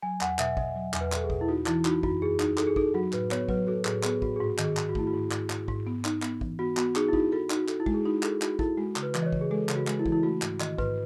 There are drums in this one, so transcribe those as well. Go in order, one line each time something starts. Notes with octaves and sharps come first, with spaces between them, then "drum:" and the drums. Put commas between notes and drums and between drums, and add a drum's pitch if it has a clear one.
F#3 G#5
E2 F#5, drum: clap
B2 E5, drum: clap
B2 D#5, drum: kick
F#3
E2, drum: clap
B4
B2 A4, drum: clap
G#4
B2, drum: kick
E4
D#4 F#4
E3 E4, drum: clap
D#4 F#4, drum: clap
F#2 F#4, drum: kick
F#2 G#4
D#4, drum: clap
D#4 A4, drum: clap
G#4
D#4 A4, drum: kick
F#3 F#4
A2 B4, drum: clap
B3 C#5, drum: clap
F#3 B4, drum: kick
F#4 A4
A2 G#4, drum: clap
B3 G#4, drum: clap
A2 F#4, drum: kick
G#4
G#2 F#4
D#3, drum: clap
G#4
G#2, drum: clap
F#4
A3 E4, drum: kick
F#4
G#2
G#2, drum: clap
G#2, drum: clap
G#2, drum: kick
B3
D#4, drum: clap
B3, drum: clap
E3, drum: kick
B3 F#4
B3 F#4, drum: clap
D#4 G#4, drum: clap
E4
D#4 F#4, drum: kick
F#4 A4
D#4, drum: clap
F#4
A4, drum: clap
E4
G#3, drum: kick
G#4
D#4 F#4
G#4 A4, drum: clap
D#4 F#4, drum: clap
E4 A4, drum: kick
G#3 F#4
C#3, drum: clap
B4
E3, drum: clap
D#5
C#5
C#3, drum: kick
G#4
G#3 A4
C#3, drum: clap
F#4
G#3, drum: clap
E4
E3, drum: kick
E4
A3 F#4
G#2, drum: clap
D#3 D#5, drum: clap
G#2 B4, drum: kick